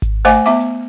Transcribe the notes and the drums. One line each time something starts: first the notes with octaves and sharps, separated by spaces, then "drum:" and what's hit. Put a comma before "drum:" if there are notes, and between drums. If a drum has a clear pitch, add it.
drum: kick G#1, hi-hat
A3 C5 D#5 F5 G#5 D6
B3 E5 D6, drum: hi-hat
drum: hi-hat